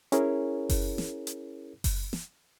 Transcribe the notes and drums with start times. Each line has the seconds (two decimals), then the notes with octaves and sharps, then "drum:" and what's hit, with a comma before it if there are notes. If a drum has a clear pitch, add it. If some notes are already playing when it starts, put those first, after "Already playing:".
0.12 C#4 E4 G#4 A#4 C#5, drum: hi-hat
0.69 drum: kick F#1, open hi-hat
0.98 drum: snare
1.27 drum: hi-hat
1.84 drum: kick F#1, open hi-hat
2.13 drum: snare